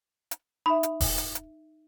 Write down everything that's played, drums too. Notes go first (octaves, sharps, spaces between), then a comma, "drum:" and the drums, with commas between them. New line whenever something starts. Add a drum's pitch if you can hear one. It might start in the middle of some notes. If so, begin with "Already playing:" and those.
drum: hi-hat
D#4 E5 B5
drum: hi-hat
drum: kick E1, open hi-hat
drum: hi-hat
drum: hi-hat